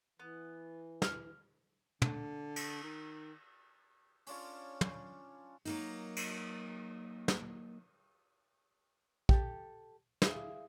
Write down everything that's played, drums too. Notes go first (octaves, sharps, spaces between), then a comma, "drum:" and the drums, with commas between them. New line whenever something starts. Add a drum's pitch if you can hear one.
E3 B3
F6, drum: snare
D3, drum: tom
drum: cymbal
D#3
C#4 D4 F4 C#5, drum: open hi-hat
drum: tom
F#3 A#3 D#4, drum: open hi-hat
drum: cymbal
drum: snare
G4 A4, drum: kick
E4 G#4 F5, drum: snare